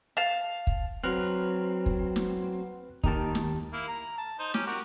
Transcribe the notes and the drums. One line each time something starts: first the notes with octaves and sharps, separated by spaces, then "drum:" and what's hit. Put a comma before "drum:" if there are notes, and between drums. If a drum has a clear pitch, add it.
F5 A5
drum: kick
F#3 C4 B4 F6 F#6
drum: kick
drum: snare
D#2 D#3 D#4 G4 A5, drum: kick
drum: snare
A#3 E4
A#5
A5
D#4 C5
C#4 G4, drum: snare
F#4 G4 A#4